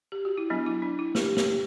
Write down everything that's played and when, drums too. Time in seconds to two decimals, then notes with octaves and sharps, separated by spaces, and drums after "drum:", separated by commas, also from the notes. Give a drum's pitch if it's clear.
0.12 G4
0.25 F#4
0.37 E4
0.50 F#3 B3 D4
0.66 E4
0.82 D4
0.99 E4
1.15 G4, drum: snare
1.37 G4, drum: snare